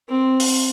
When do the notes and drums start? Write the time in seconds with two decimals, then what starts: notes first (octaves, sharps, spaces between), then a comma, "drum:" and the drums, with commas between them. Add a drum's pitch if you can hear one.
0.09 C4
0.40 drum: open hi-hat